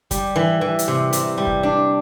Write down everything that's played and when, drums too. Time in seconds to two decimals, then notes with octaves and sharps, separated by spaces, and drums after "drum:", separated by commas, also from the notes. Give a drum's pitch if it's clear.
0.11 G3, drum: kick, hi-hat
0.36 E3
0.61 E3
0.79 drum: hi-hat
0.88 C3
1.13 C3, drum: hi-hat
1.38 G3
1.47 drum: kick
1.63 D4